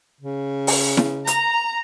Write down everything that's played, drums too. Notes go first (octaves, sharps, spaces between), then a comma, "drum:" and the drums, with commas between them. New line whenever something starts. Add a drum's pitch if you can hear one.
C#3
drum: open hi-hat
drum: snare E4
A#5, drum: hi-hat